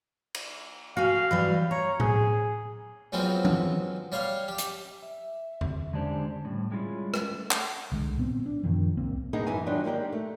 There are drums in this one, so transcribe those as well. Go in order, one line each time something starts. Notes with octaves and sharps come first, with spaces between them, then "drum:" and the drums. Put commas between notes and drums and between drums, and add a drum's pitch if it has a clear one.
drum: cymbal
F#4 F5 G5 G#5
E3 F#3 G3
C#5 A#5
G#4, drum: tom A2
G#2 F#3 G#3 B3 C4 F4
drum: tom E3
G3 C#5 F5 C6
G4
drum: hi-hat
E5
drum: tom E2
D3 G#3 C#4 D4 G4 C5
A2 G3
G3 G#3 C#4 E4 F4
drum: rim click
A3
drum: clap
C2 D3 G#3
A#2 B3 C4
D4
F#2 A#2 D#3 F3
D1 C2 A#3 C4
G#3 A#3 B3 D#4 G#4
F#2 E3 B3 G#5
D#3 F3 F#3 D4 B4
G#3 A#3 D#4 G4 D5
A3